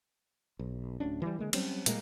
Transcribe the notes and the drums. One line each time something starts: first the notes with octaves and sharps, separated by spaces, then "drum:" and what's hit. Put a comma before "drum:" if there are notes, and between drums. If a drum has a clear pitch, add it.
B1
D1 D2 C#4 D4
E3 F3 G3
D3 G#3 A#3
F#3 G3 C4 C#4, drum: cymbal
A#2 G3 G#3 A#3, drum: hi-hat